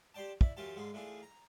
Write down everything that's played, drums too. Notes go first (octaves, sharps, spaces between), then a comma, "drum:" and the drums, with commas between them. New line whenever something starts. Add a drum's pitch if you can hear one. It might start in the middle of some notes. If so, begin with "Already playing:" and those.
G4 C5 D5 G5 A5
E4 D5 B5, drum: kick
F#2 E3 C#4 F4 G4 A5
G#2 D3 F4 G#4
A2 E3 D4 F4 G#4
A#5